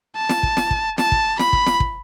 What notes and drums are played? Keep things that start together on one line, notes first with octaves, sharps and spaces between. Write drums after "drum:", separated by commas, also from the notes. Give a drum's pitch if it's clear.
A5
drum: snare
drum: kick
drum: snare
drum: kick
A5, drum: snare
drum: kick
B5, drum: snare
drum: kick
drum: snare
drum: kick